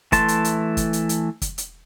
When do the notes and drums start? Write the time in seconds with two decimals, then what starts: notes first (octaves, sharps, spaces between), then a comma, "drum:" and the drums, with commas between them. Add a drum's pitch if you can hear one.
0.12 E3 A3 A5 C6, drum: kick, hi-hat
0.28 drum: hi-hat
0.45 drum: hi-hat
0.77 drum: kick, hi-hat
0.93 drum: hi-hat
1.09 drum: hi-hat
1.42 drum: kick, hi-hat
1.58 drum: hi-hat